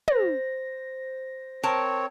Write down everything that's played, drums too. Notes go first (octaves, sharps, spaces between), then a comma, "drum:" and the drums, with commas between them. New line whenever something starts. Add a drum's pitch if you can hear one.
C5 A#6, drum: tom
C4 A#4 C#5 A5